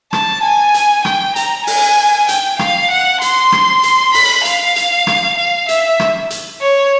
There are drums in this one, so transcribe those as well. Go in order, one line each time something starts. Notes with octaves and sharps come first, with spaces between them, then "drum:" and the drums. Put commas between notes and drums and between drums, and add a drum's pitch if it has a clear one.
A5, drum: rim click
G#5
drum: hi-hat
G5, drum: rim click
A#5, drum: hi-hat
G#5, drum: open hi-hat
G5, drum: hi-hat
F5, drum: rim click
F#5
C6, drum: hi-hat
drum: rim click
drum: hi-hat
B5, drum: open hi-hat
F5, drum: hi-hat
drum: hi-hat
drum: rim click
F5
E5, drum: hi-hat
drum: rim click
drum: hi-hat
C#5